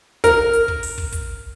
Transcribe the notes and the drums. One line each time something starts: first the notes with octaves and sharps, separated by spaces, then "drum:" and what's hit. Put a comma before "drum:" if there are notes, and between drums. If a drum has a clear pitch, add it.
A#4, drum: kick, hi-hat
drum: hi-hat
drum: kick
drum: open hi-hat
drum: kick
drum: kick, hi-hat